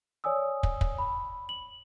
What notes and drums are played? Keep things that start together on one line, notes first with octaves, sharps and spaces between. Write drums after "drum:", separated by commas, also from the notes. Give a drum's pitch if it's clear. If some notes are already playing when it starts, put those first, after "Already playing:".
C#5 D5 G#5 D#6 E6
drum: kick
drum: kick
B5
F#7